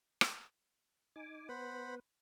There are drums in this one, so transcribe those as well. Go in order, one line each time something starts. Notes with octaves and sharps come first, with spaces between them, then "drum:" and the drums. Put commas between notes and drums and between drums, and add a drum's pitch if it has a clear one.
drum: rim click
D#4 G#5 D6
B3 B4 C5 F#5 B5